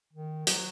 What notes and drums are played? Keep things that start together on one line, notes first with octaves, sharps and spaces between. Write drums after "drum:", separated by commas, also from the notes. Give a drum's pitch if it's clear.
D#3
F#3, drum: hi-hat